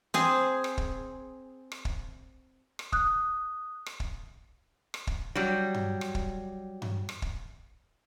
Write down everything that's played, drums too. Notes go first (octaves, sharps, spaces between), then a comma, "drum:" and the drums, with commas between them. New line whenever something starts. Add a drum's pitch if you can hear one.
C4 G#4
drum: rim click
drum: kick
drum: rim click
drum: kick
drum: rim click
D#6 F#6, drum: kick
drum: rim click
drum: kick
drum: rim click
drum: kick
F#3 G3
drum: tom G2
drum: rim click
drum: kick
drum: tom G2
drum: rim click
drum: kick